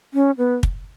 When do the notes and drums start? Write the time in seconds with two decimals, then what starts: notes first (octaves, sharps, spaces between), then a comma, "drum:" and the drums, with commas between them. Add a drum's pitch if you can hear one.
0.14 C#4
0.38 B3
0.63 drum: kick